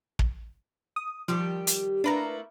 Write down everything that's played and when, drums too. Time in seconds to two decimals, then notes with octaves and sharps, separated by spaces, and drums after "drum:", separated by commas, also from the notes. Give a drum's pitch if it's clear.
0.19 drum: kick
0.96 D#6
1.28 D#3 F3 G3 G4
1.67 drum: hi-hat
2.04 A3 A#3 D4 E4 B4 A#5